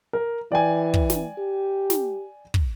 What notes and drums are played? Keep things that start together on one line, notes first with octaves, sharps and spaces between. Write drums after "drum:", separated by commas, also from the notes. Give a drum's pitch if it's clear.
A#4
E3 D5 G5 G#5
drum: kick
drum: snare
G4
drum: snare
drum: kick